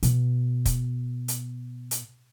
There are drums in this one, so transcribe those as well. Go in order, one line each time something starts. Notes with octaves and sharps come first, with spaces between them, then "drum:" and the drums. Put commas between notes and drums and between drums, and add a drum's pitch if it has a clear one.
B2, drum: hi-hat
drum: kick, hi-hat
drum: hi-hat
drum: hi-hat